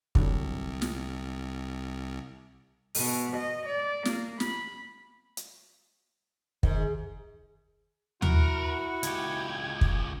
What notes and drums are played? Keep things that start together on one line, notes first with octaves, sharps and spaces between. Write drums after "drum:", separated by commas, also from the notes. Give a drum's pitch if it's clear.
C2 D3 F#3, drum: kick
drum: snare
B2, drum: open hi-hat
D#5
D5
A#3, drum: snare
B5, drum: snare
drum: hi-hat
G#2 D#3, drum: kick
E4 F#4 A#4, drum: tom D#2
C#2 G4 G#6, drum: hi-hat
drum: kick